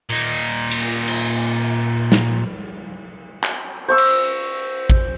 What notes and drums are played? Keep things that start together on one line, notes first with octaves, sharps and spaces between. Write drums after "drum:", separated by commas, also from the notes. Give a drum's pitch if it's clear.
A#2 D#4
drum: cymbal
drum: cymbal
drum: snare
drum: clap
C5 C#6 E6
drum: cymbal
drum: kick